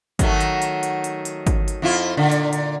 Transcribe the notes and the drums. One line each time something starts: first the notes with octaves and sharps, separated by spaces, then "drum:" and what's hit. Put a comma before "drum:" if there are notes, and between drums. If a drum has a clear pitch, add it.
D#3 F#3 A3, drum: kick G#1, hi-hat
drum: hi-hat
drum: hi-hat
drum: hi-hat
drum: hi-hat
drum: hi-hat
drum: kick G#1, hi-hat
drum: hi-hat
F2 E4 F4
A#2 D3
drum: hi-hat
drum: hi-hat